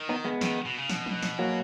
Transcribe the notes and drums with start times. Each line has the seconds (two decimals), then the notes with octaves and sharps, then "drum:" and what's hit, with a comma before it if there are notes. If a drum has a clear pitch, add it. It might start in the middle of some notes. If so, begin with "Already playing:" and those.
Already playing: D#3
0.09 B3 D#4
0.24 G#3 B3
0.41 D#3, drum: snare
0.65 B2
0.78 C#3
0.90 B2, drum: snare
1.06 drum: tom F3
1.23 drum: snare
1.39 F#3 A#3